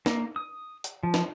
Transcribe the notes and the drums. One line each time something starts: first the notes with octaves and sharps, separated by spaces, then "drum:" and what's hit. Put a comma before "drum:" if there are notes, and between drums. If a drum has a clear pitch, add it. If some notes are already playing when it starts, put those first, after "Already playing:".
A#3, drum: snare
D#6
drum: hi-hat
F3
drum: snare